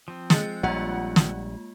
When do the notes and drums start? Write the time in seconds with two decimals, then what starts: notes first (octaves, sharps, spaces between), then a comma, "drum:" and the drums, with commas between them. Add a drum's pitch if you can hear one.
0.08 F3 C4
0.30 G#3 A6 C#7, drum: snare
0.63 A#1 G3 G#3 A#3 F4 F#5
1.16 drum: snare